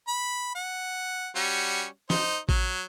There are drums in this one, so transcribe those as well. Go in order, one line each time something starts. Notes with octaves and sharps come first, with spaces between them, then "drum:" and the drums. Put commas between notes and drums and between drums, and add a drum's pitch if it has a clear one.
B5
F#5
G3 C#4 F#4
D#4 C5, drum: snare
F#3, drum: kick A1